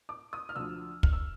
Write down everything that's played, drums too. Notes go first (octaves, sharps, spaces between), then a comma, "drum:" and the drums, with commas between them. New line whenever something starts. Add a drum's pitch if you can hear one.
D6
D#6
F6
D2 D3 F3 E6
F6, drum: kick
E6